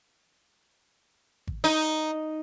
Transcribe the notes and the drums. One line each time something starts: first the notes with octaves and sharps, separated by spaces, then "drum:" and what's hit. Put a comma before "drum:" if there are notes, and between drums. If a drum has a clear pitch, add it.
drum: kick G#1
D#4, drum: open hi-hat